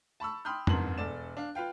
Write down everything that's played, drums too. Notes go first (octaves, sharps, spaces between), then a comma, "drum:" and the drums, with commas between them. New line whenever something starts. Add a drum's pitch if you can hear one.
A5 B5 C#6 E6
G5 B5 C6 D#6 F6 G6
G1 F2 G#2 A#4 C6 F#7, drum: tom F2
E1 A4 D5 E7
D4 F5
F4 B4 F5 G5